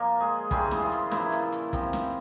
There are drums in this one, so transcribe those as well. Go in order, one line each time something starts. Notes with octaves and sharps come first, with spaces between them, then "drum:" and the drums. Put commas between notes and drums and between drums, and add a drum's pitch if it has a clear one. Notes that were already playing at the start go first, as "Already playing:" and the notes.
Already playing: A#2 F3 A#3 A#4
G#3 G#4
C#3 E3 G3 G#3 G#4, drum: kick, hi-hat
drum: snare
F3 F4
drum: hi-hat
A#2 E3 F3 E4, drum: snare
drum: hi-hat
drum: hi-hat
C3 F3, drum: kick, hi-hat
drum: snare